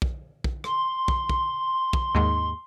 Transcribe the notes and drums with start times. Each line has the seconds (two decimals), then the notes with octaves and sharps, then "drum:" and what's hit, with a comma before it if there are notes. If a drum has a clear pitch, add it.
0.02 drum: kick
0.44 drum: kick
0.64 C6, drum: rim click
1.08 drum: kick
1.30 drum: kick
1.93 drum: kick
2.15 D#2 G#2 G#3